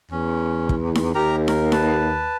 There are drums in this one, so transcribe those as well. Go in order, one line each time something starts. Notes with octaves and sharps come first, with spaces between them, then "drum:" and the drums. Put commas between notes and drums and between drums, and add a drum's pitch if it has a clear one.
E2 C#4
drum: kick
drum: snare D#4
D#2 G4 A#4 A#5
A#4, drum: snare D#4
B4 A5, drum: snare D#4